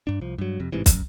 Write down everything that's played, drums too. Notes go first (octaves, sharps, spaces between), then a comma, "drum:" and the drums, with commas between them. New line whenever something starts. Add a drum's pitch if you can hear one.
G2 D4
C2 F3
G2 F#3
F2 C3
A1 G#2 C3 E3
F#2, drum: kick, hi-hat